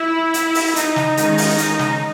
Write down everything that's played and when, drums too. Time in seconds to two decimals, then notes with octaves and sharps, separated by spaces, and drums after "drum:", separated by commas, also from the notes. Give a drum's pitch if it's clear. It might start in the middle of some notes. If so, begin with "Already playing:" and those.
Already playing: E4
0.34 drum: hi-hat
0.55 drum: open hi-hat
0.76 D#4, drum: hi-hat
0.96 drum: snare
1.17 D#3 G#3 C#4, drum: hi-hat
1.38 drum: open hi-hat
1.58 D#4, drum: hi-hat
1.79 drum: snare